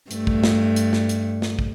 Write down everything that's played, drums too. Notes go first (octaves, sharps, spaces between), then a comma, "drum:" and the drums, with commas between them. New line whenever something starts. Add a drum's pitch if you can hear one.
G2 A3, drum: hi-hat
drum: kick
drum: snare
drum: hi-hat
drum: snare
drum: hi-hat
drum: snare
drum: kick